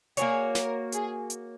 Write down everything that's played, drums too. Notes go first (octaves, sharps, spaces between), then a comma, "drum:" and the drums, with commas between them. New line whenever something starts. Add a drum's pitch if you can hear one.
A#3 F#4 G#4 C#5, drum: hi-hat
A#4, drum: snare
G#4, drum: hi-hat
drum: hi-hat